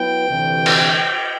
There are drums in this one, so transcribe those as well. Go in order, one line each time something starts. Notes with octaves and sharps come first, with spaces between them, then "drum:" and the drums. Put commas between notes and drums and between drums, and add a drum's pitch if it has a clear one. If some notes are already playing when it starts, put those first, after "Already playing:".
Already playing: F#3 B3 E4 B4 G5
D2 C3 E3
drum: cymbal